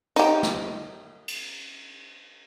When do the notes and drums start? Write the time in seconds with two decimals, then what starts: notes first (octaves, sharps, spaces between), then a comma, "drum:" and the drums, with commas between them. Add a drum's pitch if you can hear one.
0.16 D#4 G4, drum: cymbal
0.43 drum: snare
1.28 drum: cymbal